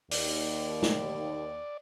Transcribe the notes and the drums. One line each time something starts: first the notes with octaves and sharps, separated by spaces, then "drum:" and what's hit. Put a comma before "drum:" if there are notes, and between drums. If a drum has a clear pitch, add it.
D#2 D5, drum: open hi-hat
drum: snare